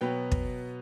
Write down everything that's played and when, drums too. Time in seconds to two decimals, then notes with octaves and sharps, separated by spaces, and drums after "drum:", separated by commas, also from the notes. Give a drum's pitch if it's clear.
0.01 B2 F#3 B3 G5
0.32 drum: kick